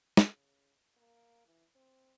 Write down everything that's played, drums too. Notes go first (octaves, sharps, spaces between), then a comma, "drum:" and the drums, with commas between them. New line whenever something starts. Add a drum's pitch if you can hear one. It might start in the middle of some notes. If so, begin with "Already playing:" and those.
C#3, drum: snare
A#3
E3
C4